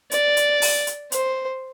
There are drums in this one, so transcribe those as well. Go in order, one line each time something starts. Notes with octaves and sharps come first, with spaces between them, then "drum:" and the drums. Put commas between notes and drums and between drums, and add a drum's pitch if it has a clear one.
D5, drum: hi-hat
drum: hi-hat
drum: open hi-hat
drum: hi-hat
C5, drum: hi-hat